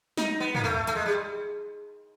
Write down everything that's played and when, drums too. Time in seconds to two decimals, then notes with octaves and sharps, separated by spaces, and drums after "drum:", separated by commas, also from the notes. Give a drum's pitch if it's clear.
0.17 D#4, drum: snare
0.40 B3
0.55 A#3, drum: tom
0.64 A3
0.87 A3, drum: hi-hat
0.95 G#3
1.06 G3